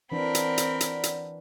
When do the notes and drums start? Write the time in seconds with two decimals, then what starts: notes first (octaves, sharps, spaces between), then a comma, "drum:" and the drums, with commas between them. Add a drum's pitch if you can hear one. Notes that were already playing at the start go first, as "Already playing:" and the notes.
0.12 E3 C4 D4 A#4 B4 D5 F#5 B5
0.35 drum: hi-hat
0.58 drum: hi-hat
0.81 drum: hi-hat
1.03 drum: hi-hat